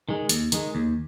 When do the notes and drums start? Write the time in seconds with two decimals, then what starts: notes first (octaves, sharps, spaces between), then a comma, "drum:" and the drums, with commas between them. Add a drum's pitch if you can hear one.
0.09 D#3 G#3
0.29 D#2, drum: hi-hat
0.52 D#3 G#3, drum: hi-hat
0.75 D#2